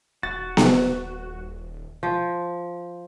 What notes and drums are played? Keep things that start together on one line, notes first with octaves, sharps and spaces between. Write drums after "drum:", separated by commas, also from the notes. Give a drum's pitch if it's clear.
D#1 F#4 A6
drum: snare B3
F3